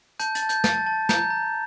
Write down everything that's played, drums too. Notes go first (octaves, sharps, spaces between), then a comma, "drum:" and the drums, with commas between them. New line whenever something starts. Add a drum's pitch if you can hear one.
A5 G6, drum: hi-hat
A6, drum: hi-hat
A5
G6, drum: hi-hat
A5 A6, drum: snare
A5
A#5 G6, drum: snare
A#5